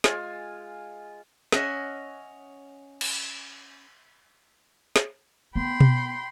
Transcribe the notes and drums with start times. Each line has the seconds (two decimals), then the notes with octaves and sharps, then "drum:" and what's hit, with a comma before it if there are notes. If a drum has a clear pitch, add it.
0.04 G#3 F4 G#5, drum: snare
1.52 C#4 D#5 E5 F#5 G#5, drum: snare
3.01 drum: cymbal
4.96 drum: snare
5.55 B3 G5 B5 C6
5.80 drum: tom B2